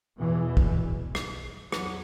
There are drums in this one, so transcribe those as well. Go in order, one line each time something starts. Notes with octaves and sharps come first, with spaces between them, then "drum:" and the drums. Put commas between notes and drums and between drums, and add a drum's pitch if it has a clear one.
E2 B2 E3
drum: kick
drum: rim click
E2 F#3, drum: rim click